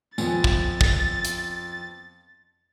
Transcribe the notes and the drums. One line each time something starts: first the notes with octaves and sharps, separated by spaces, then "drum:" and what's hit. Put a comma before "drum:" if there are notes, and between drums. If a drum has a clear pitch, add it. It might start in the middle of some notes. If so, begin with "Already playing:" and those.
F2 B3 G#5 A6, drum: tambourine
drum: kick
drum: kick
drum: hi-hat